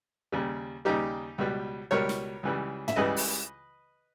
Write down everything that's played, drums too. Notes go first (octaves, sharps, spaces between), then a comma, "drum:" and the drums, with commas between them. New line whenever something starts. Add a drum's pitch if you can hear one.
D#2 C#3 G3
D#2 C#3 G3 D#4 G4
C#2 B2 G3
C#2 B2 G3 A#4 C#5
drum: snare
C#2 C#3 E3 G3
E5, drum: tom
C#2 C#3 E3 G3 B4 D#5
drum: open hi-hat